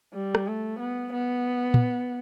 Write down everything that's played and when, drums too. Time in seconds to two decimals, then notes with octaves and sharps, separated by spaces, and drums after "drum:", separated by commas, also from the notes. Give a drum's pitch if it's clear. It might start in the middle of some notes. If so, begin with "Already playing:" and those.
0.14 G3
0.35 drum: rim click
0.47 A3
0.79 B3
1.13 B3
1.74 drum: tom